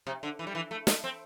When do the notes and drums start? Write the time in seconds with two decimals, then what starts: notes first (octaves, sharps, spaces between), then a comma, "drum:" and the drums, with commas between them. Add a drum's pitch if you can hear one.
0.07 C3
0.23 D3
0.39 E3
0.47 G3
0.55 E3
0.71 A3
0.87 A3, drum: snare
1.04 C4